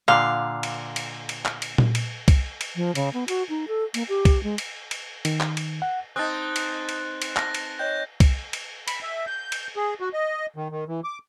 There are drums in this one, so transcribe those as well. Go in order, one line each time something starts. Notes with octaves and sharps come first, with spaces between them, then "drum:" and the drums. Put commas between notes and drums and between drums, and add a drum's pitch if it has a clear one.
A#2 D3 F5
drum: cymbal
drum: cymbal
drum: cymbal
drum: clap
drum: cymbal
drum: tom A#2
drum: cymbal
drum: kick C2, cymbal
drum: cymbal
F3
C#3, drum: cymbal
B3
F#4, drum: cymbal
D#4
A4
A#3, drum: cymbal
G4
drum: kick C2, cymbal
G#3
drum: cymbal
drum: cymbal
D#3, drum: cymbal
drum: clap
drum: cymbal
F#5
C4 D#4 A5 D#6 F#6 A6
drum: cymbal
drum: cymbal
drum: cymbal
A5 A#6, drum: clap
drum: cymbal
C#5 D#5 G5 G6
drum: kick C2, cymbal
drum: cymbal
B5, drum: cymbal
E5
G6
drum: cymbal
G#4
F#4
D#5
D#3
D#3
E3
D6